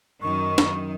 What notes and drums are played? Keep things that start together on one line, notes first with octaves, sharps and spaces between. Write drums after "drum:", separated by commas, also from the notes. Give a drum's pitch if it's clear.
F#2 D#3 C#6
drum: snare